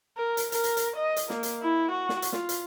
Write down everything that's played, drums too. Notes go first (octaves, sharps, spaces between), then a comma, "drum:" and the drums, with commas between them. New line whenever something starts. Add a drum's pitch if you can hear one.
A#4
drum: hi-hat
A#4, drum: hi-hat
drum: hi-hat
drum: hi-hat
D#5
drum: hi-hat
A#3, drum: snare
drum: hi-hat
E4
F#4
drum: snare
drum: hi-hat
F4, drum: snare
drum: hi-hat